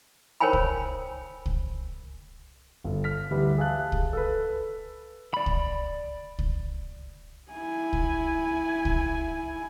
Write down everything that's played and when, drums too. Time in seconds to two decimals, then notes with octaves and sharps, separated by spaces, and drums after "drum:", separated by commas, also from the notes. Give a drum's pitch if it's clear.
0.40 A#4 C5 C#5 G5 G#5 B5
0.53 drum: kick C2
1.46 drum: kick C2
2.84 G1 A4
3.04 F6 B6
3.31 D2 E3 G3 B4
3.58 G#4 E5 F5 A5 F#6
3.92 drum: kick C2
4.13 A4 B4
5.34 D5 B5
5.46 drum: kick C2
6.39 drum: kick C2
7.52 E4 G#5
7.93 drum: kick C2
8.85 drum: kick C2